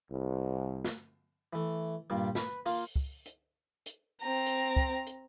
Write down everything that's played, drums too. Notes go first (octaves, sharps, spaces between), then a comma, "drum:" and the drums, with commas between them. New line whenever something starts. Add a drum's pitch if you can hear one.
C2
drum: snare
E3 A3
G2 A#2 G3
B4, drum: snare
A#3 F4, drum: open hi-hat
drum: kick
drum: hi-hat
drum: hi-hat
C4 A#5
drum: hi-hat
drum: kick
drum: hi-hat